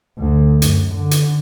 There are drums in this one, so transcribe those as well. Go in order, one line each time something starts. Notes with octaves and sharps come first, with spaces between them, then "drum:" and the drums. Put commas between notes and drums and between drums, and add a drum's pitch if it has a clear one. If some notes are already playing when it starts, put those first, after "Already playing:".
D2
F#2, drum: hi-hat
D3
drum: hi-hat